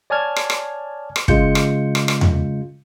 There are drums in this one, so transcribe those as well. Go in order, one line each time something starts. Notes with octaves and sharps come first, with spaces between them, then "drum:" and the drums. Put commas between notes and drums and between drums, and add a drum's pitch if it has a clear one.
C#5 D5 G#5 A5 F6 G#6
drum: rim click
drum: rim click
drum: rim click
C#3 G#3 F4 G6 C#7, drum: kick
drum: rim click
drum: rim click
drum: rim click
drum: tom E2